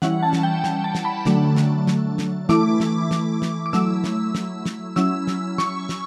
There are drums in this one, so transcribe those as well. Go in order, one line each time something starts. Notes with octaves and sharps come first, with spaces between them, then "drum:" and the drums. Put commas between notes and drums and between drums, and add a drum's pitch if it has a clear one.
E3 G3 C#4 E4 F#5, drum: snare
A5
drum: snare
G5
G5, drum: snare
A5
drum: snare
B5
D3 F#3 A3 D4, drum: snare
drum: snare
drum: snare
drum: snare
E3 A3 E4 D6, drum: snare
drum: snare
drum: snare
drum: snare
D6
F#3 A3 E4 E6, drum: snare
drum: snare
drum: snare
drum: snare
F#3 C#4 E4 E6, drum: snare
drum: snare
C#6, drum: snare
drum: snare